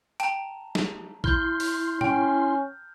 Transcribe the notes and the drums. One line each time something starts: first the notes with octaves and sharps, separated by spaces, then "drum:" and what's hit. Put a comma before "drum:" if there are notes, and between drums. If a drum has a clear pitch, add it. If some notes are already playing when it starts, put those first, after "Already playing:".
G5 A5 A#5, drum: hi-hat
drum: snare
E4 C6 F6 G6, drum: kick
drum: open hi-hat
C#4 G5, drum: tom A2